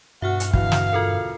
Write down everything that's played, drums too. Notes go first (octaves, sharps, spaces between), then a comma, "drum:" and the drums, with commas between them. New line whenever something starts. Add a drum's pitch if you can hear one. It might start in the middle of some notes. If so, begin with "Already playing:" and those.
G2 B2 F#4 E5 F#5 F6
drum: hi-hat
E2 B2 D3 F5, drum: kick
drum: snare
F4 A4 A#4